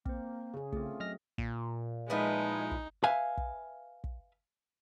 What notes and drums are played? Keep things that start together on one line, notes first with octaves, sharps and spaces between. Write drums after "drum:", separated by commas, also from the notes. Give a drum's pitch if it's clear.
A#3 C4 C5, drum: kick
C#3 C#4 G#4
A3 C4 F4 G#4, drum: kick
F#3 D#5 F6 A#6
A#2, drum: kick
F3 G#3 D#4 E4 B4
drum: kick
B4 E5 F5 G#5
drum: kick
drum: kick